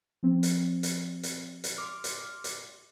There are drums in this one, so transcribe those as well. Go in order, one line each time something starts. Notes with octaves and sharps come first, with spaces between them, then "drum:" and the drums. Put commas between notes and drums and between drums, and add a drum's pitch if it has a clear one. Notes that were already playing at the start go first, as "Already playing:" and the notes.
F3 C4
drum: hi-hat
drum: hi-hat
drum: hi-hat
drum: hi-hat
C6 D6 F6
drum: hi-hat
drum: hi-hat